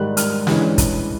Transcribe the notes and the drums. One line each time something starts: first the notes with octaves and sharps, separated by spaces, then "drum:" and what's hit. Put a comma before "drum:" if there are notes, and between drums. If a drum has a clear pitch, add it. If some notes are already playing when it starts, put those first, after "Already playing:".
Already playing: G#2 D#3 G3 F#6
F6, drum: hi-hat
G2 E3 G#3 C#4, drum: snare
drum: kick, hi-hat